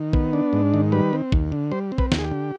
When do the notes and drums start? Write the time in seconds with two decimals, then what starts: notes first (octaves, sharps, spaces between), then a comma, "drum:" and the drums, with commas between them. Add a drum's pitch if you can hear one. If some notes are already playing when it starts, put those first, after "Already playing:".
Already playing: D#3
0.13 B3, drum: kick
0.33 D4
0.53 G#2
0.74 D#3
0.92 G3 B4
1.13 C4
1.32 D#2, drum: kick
1.52 D3
1.71 G3 C5
1.92 C4
1.98 B4, drum: kick
2.12 D#2, drum: snare
2.19 G#4
2.24 G4
2.31 D3